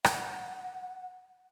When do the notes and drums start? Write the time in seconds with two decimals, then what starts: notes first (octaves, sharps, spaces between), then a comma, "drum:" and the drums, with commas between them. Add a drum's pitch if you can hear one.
0.04 F#5, drum: rim click